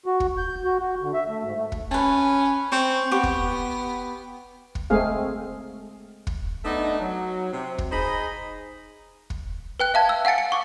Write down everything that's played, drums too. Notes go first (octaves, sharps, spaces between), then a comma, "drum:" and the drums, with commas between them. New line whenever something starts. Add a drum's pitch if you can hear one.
F#4
drum: kick
G6
F#4
F#4
D3
E5
A3
G#2
A3
drum: kick
C#4 B4 A5
C4 C#5
B3 G4 F#5 C#6
drum: kick
drum: kick
G#3 A3 C4 G#4 F5
drum: kick
A3 B3 D4 D#4
F#3
C3
drum: kick
D#4 G#4 C5 D#5 B5
drum: kick
B4 G5 F#6
E5 F5 A5 G#6
E6
F5 F#5 G#5 A6 C#7
C#7
F#5 C#6 D6